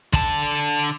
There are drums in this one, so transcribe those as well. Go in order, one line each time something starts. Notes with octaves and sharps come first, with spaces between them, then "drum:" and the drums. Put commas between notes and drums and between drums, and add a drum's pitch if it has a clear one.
D3 A5, drum: kick